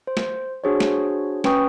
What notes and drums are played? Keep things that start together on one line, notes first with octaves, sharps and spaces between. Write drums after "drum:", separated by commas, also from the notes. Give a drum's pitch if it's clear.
C5
drum: snare
D4 F#4 G#4 C5 C#5
drum: snare
C#4 B4 G5 C#6 D#6, drum: snare